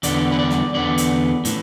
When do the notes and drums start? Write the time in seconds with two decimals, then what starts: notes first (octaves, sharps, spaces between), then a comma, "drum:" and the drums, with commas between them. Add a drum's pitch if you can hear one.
0.03 E2 D3 B3 D5, drum: hi-hat
0.32 B4
0.39 D5
0.51 drum: snare
0.75 E2 D3 B3 D5
0.98 drum: hi-hat
1.45 A2 E3, drum: hi-hat